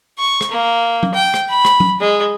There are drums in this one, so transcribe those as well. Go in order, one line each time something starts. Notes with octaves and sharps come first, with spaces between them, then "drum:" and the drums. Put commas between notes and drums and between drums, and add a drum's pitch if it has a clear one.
C#6
drum: rim click
A#3
drum: tom F#3
G5
drum: rim click
B5
drum: rim click
drum: tom F#3
G#3